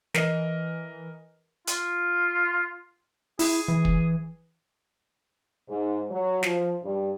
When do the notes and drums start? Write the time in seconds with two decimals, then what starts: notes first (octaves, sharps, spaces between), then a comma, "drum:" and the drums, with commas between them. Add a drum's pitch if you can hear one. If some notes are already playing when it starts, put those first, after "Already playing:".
0.14 E3 A#4 D#5, drum: snare
1.67 F4, drum: hi-hat
3.39 E4 G#4, drum: open hi-hat
3.68 E3
3.85 drum: kick
5.68 G#2
6.09 F#3
6.43 F3, drum: snare
6.83 G2